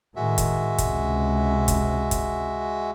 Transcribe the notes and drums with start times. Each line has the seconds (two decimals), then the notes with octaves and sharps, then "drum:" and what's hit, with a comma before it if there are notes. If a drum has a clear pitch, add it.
0.16 A2 D#3 G#3 F#4 E5
0.38 drum: kick, hi-hat
0.78 C#2 C3, drum: kick, hi-hat
1.68 drum: kick, hi-hat
2.11 drum: kick, hi-hat